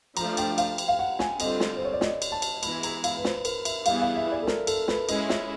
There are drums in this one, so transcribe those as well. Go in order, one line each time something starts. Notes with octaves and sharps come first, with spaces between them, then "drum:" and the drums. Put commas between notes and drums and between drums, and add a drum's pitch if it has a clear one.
F3 A3 D4 A#5, drum: cymbal
G5, drum: cymbal
F5, drum: cymbal
drum: cymbal
F5
F#5
G#5, drum: snare
D3 G3 C4 F4 D#5, drum: cymbal
drum: snare
C5
C#5
D5
D#5, drum: snare
drum: cymbal
A5
drum: cymbal
E3 G#3 B3 E4 B5, drum: cymbal
A#5, drum: cymbal
F5, drum: cymbal
B4
C5, drum: snare
B4
A#4, drum: cymbal
E5, drum: cymbal
E3 G3 B3 E4 G#4 F5, drum: cymbal
F5
E5
D5
A4
A#4, drum: snare
A4, drum: cymbal
B4, drum: snare
G#3 C#4 E4 D#5, drum: cymbal
E5, drum: snare